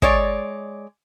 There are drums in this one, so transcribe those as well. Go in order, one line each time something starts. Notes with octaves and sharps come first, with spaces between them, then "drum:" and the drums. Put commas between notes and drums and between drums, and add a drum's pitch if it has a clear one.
G#3 C#5 D5, drum: kick